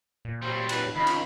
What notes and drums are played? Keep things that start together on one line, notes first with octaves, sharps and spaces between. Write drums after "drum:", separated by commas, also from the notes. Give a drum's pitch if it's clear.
A#2
F#3 G3 C5
B4, drum: cymbal
C#2 D#3 B5
drum: cymbal